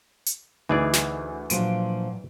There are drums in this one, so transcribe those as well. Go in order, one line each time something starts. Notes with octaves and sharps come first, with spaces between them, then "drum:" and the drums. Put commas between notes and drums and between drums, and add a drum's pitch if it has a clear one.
drum: hi-hat
D2 E3 D#4 G#4 D5
drum: snare
A#2 F3 F#3 D4 D7 D#7, drum: hi-hat